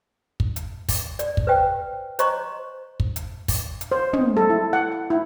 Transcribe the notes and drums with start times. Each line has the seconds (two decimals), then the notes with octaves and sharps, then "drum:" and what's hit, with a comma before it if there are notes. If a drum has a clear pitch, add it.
0.40 drum: kick
0.56 drum: hi-hat
0.89 drum: kick, open hi-hat
1.19 D5, drum: hi-hat
1.37 drum: kick
1.47 B4 C5 G5
2.19 C5 C#5 D#5 A#5 C6 C#6, drum: hi-hat
3.00 drum: kick
3.16 drum: hi-hat
3.48 drum: kick, open hi-hat
3.81 drum: hi-hat
3.92 C5
4.13 D#5, drum: tom
4.37 A4
4.50 E4
4.73 F#5
4.92 F#5
5.10 E4